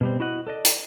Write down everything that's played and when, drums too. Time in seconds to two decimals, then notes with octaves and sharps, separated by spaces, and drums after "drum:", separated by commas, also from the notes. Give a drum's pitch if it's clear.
0.01 B2 G3 C4
0.20 E4 F#4 D#5 F#5
0.47 A4 D5 D#5
0.65 drum: hi-hat